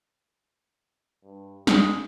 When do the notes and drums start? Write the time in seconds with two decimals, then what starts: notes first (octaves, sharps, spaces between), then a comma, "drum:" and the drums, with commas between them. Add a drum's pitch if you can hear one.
1.23 G2
1.67 G#3 D4, drum: snare